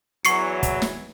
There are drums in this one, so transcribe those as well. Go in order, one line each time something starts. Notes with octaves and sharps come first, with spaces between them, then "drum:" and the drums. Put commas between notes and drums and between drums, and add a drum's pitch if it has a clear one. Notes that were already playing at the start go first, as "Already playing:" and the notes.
E2 E3 F#3 C#6 C7 C#7, drum: hi-hat
drum: kick, hi-hat
drum: snare